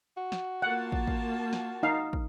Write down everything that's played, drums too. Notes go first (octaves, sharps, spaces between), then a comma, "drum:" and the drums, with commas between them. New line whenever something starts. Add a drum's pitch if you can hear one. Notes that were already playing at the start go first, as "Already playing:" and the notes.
F#4
drum: snare
A#3 F4 F#5 A5
drum: kick
drum: kick
drum: snare
D#4 F5
drum: kick